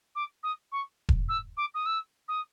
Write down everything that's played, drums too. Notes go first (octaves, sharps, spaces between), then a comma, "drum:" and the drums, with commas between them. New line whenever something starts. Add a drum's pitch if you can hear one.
D6
D#6
C#6
drum: kick E1
E6
D6
D#6
E6
D#6